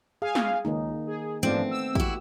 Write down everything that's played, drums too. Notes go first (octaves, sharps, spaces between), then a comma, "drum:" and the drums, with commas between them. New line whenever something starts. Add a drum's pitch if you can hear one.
G#4 F5 G#5
drum: snare
C#2 D#3 A#3 D#4
G#4
G#2 F3 A3 B3 C4 D4
E6
E4 F#4 G4, drum: kick